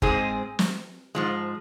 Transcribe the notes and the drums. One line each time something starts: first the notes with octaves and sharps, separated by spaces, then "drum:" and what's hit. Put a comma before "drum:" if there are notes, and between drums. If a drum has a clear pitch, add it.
G#2 G#3 C4 G#4, drum: kick G1
drum: snare
G#2 F3 G#3